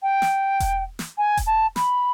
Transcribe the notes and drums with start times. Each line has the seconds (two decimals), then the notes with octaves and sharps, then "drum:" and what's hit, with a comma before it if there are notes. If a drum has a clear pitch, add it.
0.02 G5
0.22 drum: snare
0.60 drum: kick E1, hi-hat
0.99 drum: snare
1.18 G#5
1.37 drum: kick E1, hi-hat
1.46 A5
1.76 B5, drum: snare